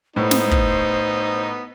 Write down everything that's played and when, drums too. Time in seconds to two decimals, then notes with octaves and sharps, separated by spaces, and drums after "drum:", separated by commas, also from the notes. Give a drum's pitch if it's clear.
0.16 A2 B3 D#4 C5
0.31 drum: snare
0.51 drum: kick